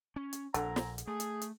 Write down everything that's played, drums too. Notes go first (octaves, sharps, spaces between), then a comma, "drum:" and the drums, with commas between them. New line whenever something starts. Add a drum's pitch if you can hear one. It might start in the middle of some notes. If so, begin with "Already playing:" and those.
C#4
drum: hi-hat
A#1 D3 C4 G#5 A#5, drum: hi-hat
drum: snare
drum: hi-hat
A3 G#4
drum: hi-hat
drum: hi-hat